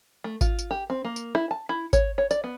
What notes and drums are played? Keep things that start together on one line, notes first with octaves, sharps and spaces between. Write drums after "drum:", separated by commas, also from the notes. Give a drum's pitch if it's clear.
A3
F4, drum: kick G#1, tambourine
drum: tambourine
G4
C4
A#3
drum: tambourine
E4, drum: rim click
A5
E4
C#5, drum: kick G#1, tambourine
C#5
D5, drum: tambourine
B3